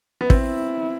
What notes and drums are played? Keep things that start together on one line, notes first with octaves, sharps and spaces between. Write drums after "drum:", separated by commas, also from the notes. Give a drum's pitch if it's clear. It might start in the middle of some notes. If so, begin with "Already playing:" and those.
B3
C4 E4, drum: kick